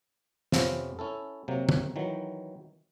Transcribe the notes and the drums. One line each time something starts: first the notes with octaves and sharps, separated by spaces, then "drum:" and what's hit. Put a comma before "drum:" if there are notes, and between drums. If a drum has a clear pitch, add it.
F2 C3 F3 B3 C#4 F4, drum: snare
C#4 E4 A4
C3 F#3 A#3
drum: tom
D#3 E3 F#3